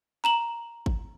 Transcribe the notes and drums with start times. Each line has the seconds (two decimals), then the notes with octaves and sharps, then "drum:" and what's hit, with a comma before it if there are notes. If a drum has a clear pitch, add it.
0.24 A#5 E7 F#7
0.86 drum: kick G#1